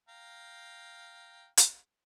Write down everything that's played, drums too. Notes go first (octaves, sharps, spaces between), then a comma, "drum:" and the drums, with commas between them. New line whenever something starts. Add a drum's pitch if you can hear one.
F5 G5 A#5
drum: hi-hat